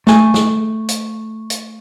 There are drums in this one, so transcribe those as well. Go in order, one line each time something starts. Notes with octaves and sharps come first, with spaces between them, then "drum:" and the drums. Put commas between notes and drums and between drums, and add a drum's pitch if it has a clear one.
A3 G#5, drum: snare
drum: snare
drum: hi-hat
drum: hi-hat